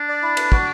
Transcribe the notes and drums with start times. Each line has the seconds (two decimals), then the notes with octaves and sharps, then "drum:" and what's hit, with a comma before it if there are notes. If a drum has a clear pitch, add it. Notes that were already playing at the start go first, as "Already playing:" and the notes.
Already playing: D4
0.09 D5
0.23 E4
0.37 B4, drum: cymbal
0.52 F#4, drum: kick